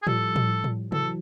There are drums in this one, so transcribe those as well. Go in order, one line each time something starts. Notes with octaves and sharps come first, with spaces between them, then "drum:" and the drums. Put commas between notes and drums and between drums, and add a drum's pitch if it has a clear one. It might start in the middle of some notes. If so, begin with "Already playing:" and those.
G#4
F3 G3 A4, drum: tom A2
drum: tom A2
drum: tom A2
E3 F#3 A4, drum: tom C3